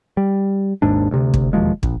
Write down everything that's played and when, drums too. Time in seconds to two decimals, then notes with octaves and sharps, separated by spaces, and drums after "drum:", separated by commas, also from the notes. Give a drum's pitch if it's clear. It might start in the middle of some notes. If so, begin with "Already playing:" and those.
0.17 G3
0.82 G#1 D#2 G#2 D4
1.11 D2 C3
1.34 drum: kick
1.53 E1 D#2 F3 G#3
1.83 A#1, drum: kick